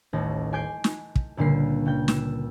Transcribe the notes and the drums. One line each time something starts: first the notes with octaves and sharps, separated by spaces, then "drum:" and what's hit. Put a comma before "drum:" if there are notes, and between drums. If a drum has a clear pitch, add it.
D#1 A1 A#6
G#5 D6 G6 C7 D7
drum: snare
drum: kick
C#2 A#2 D3 G3 C7
C#3 G5 G6
E6, drum: snare